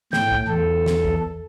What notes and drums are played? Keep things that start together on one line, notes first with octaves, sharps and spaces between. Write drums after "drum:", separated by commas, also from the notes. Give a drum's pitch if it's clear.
A2 G5, drum: snare
drum: kick
E2 A4
drum: snare
drum: kick